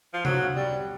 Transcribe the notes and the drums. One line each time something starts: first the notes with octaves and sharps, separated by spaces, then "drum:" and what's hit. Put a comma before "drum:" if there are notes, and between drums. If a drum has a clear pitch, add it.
F3
F#3, drum: tom C3
G3